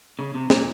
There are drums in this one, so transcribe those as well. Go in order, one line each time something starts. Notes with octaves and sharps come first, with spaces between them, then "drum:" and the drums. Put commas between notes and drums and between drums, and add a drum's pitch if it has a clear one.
C#3
C3
A#2, drum: snare